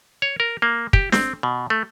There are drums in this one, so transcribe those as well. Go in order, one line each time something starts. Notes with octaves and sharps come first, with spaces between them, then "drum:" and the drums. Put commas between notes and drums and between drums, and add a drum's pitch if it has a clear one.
C#5
A#4
A#3
G4, drum: kick
C4, drum: snare
B2
A3